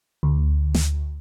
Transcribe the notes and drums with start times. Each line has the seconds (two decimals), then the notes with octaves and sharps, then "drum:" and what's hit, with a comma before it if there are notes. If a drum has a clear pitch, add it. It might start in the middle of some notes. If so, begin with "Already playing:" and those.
0.23 D2
0.74 drum: snare